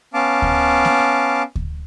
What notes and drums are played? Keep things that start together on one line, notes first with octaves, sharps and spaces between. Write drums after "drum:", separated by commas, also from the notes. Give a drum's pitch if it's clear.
B3 C#4 F5 A5 D6
drum: kick D2
drum: snare A#3
drum: kick D2